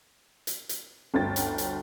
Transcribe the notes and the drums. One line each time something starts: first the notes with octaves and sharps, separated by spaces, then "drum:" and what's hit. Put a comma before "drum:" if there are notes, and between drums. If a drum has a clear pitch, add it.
drum: hi-hat
drum: hi-hat
G1 D2 G5 A6
drum: hi-hat
drum: hi-hat